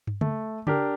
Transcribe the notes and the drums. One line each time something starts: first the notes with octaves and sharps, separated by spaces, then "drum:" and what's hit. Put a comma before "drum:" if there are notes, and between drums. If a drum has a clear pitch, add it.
drum: tom
A3, drum: tom C#3
D4 G4 A#4, drum: tom C#3